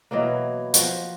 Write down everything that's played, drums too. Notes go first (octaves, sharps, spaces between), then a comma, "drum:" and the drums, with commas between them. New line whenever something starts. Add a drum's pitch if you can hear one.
B2 E3 F#3 A#3
F3 F#4, drum: hi-hat